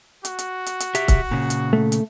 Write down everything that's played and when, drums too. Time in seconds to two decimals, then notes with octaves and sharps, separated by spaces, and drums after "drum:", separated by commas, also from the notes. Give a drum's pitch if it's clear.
0.25 F#4, drum: hi-hat
0.39 drum: hi-hat
0.66 drum: hi-hat
0.80 drum: hi-hat
0.95 G4 E5, drum: hi-hat
1.08 drum: kick C#1, hi-hat
1.31 A#2 C#3
1.50 drum: hi-hat
1.73 A3
1.92 drum: hi-hat